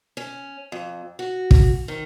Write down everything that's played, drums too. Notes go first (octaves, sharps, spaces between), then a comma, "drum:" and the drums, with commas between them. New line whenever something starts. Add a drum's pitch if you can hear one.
C#4
F2
F#4
drum: kick
D#3